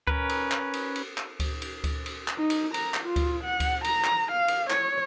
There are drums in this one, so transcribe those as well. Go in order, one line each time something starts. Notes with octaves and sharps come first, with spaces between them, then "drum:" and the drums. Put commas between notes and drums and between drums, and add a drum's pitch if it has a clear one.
C#4 A#4 B4, drum: kick D2
drum: cymbal
drum: clap
drum: cymbal
drum: cymbal
drum: clap
drum: kick D2, cymbal
drum: cymbal
drum: kick D2, cymbal
drum: cymbal
drum: clap
D#4
drum: cymbal
A#5, drum: cymbal
drum: clap
F4
drum: kick D2, cymbal
F#5
drum: kick D2, cymbal
A#5, drum: cymbal
drum: clap
F5
drum: cymbal
C#5, drum: clap